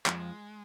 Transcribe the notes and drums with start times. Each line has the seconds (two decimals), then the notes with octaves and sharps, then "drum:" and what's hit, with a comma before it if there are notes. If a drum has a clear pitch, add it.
0.06 F2 F3 G#3, drum: clap